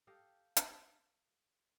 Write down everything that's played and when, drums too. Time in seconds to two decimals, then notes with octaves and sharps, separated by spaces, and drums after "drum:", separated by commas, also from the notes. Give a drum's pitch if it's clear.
0.07 G4 A4 D#5 F5
0.57 drum: hi-hat